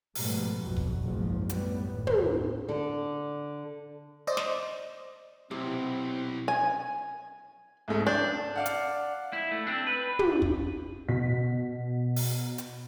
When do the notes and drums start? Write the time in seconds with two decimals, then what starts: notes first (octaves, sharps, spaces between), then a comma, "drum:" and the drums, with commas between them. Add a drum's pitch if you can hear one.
0.15 G#2 B2 F3 G3 A3 B3, drum: open hi-hat
0.59 B1 F2 B2 F#3
0.77 drum: kick
1.00 F#1 B1 G#2 F3
1.50 A2 F#3 G3 B3, drum: hi-hat
1.89 G1 D#2 A2
2.07 drum: tom
2.69 D3
4.27 C5 D5 D#5
4.37 drum: snare
5.51 B1 C3 C4 E4
6.48 G#5
7.88 C2 G#2 A3
8.07 D4 G6
8.56 D5 F5 F#5
8.66 drum: hi-hat
9.33 E4
9.51 A3
9.67 C4 D4
9.87 B4
10.19 drum: tom
10.42 drum: kick
11.08 B2 B6
12.16 drum: open hi-hat
12.58 drum: hi-hat